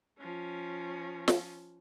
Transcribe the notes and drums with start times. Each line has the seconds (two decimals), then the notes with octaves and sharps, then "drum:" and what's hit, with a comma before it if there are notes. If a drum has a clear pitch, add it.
0.19 F3 C#4
1.28 drum: snare